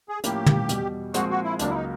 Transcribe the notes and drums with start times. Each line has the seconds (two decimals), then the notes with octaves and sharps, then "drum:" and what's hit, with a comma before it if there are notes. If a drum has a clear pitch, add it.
0.09 G#4
0.24 A2 F3 A#3 C#4 E4 G4, drum: hi-hat
0.46 drum: tom
0.69 E2 B2 G3, drum: hi-hat
1.14 A#2 F3 G#3 C4 F#4, drum: hi-hat
1.30 F#4
1.44 E4
1.59 C#2 C#3 F#3 A#3 D4, drum: hi-hat
1.69 E4
1.74 D#4